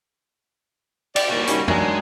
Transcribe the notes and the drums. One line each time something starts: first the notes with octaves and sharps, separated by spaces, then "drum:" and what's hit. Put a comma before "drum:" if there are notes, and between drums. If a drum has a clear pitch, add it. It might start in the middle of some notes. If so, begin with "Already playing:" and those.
G4 D5, drum: cymbal
D#2 A#3 F#4 D5
G3 C#4 D#4, drum: hi-hat
D#3 F#3 G#3 D4 G#4, drum: tom